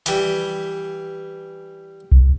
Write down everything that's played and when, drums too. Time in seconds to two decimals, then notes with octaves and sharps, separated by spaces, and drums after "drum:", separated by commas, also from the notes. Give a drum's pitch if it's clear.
0.06 E3 G3, drum: hi-hat
2.12 drum: kick C2